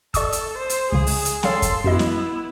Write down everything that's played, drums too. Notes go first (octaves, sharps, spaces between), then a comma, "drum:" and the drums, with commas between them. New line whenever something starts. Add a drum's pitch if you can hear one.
A4 D5 C#6 D#6, drum: kick, hi-hat
drum: hi-hat
C5
drum: hi-hat
C#2 C#3 G#4
drum: open hi-hat
drum: hi-hat
A4 C#5 F5 G5 C6, drum: snare
drum: kick, hi-hat
F#2 B3 E4 F#4 D#5
drum: snare